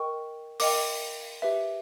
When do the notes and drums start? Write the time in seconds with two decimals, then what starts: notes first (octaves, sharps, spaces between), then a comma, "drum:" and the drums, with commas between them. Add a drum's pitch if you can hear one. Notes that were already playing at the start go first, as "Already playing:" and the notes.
Already playing: A#4 D#5 G5 C#6
0.60 A#4 D#5 G5 D6, drum: open hi-hat
1.42 G4 B4 E5